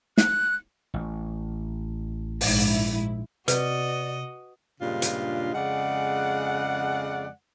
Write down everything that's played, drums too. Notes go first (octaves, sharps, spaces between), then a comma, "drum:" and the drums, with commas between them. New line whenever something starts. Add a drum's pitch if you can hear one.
F#6, drum: snare
A1
A#1 G#2 E4, drum: open hi-hat
C3 F#4 B4 D5 D#5, drum: hi-hat
G2 A#2 C#3 G#3 D4 F4
drum: hi-hat
F2 C#3 G#3 D5 F#5